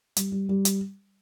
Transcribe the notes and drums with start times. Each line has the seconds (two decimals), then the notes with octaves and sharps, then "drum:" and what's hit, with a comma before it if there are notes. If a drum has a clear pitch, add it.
0.17 G3, drum: hi-hat
0.32 G3
0.49 G3
0.65 drum: hi-hat